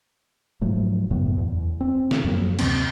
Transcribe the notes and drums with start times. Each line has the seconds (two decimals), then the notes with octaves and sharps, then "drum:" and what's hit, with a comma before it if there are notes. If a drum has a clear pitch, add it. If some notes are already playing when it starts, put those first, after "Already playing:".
0.61 G#2 F3 F#3 A3
1.11 F#2 A2 C#3 B3
1.38 E2
1.81 C4
2.11 drum: snare
2.24 F#2 F3 F#3 A#3
2.59 D2 C3 A3 C4, drum: cymbal